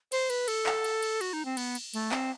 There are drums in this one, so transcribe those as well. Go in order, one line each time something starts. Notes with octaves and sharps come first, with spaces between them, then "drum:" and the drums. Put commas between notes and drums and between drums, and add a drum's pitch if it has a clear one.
C5, drum: cymbal
B4, drum: cymbal
A4, drum: cymbal
drum: clap
drum: cymbal
drum: cymbal
F#4, drum: cymbal
D#4
C4
B3, drum: cymbal
drum: cymbal
A3, drum: cymbal
C4, drum: clap